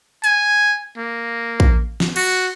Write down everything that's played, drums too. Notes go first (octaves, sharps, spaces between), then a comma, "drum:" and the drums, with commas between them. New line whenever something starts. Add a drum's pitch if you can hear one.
G#5, drum: hi-hat
A#3
drum: kick
drum: snare
F#4, drum: cymbal